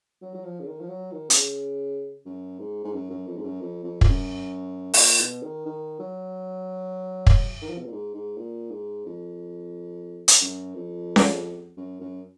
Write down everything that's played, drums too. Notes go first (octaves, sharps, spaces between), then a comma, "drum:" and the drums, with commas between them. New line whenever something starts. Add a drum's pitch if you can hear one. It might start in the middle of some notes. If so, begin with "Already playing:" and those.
F#3
F#3
F3
C#3
D#3
F3
F#3
D#3
B2, drum: hi-hat
C#3
F#2
G#2
G#2
F#2
F#2
F2
G#2
F#2
F2
F2
F2, drum: kick
F#2
G#2, drum: open hi-hat
A#2
B2
D#3
D#3
F#3
drum: kick
D#3
F3
B2
A#2
G#2
G#2
A#2
G#2
F2
drum: hi-hat
F#2
F2
drum: snare C#4
F#2
F#2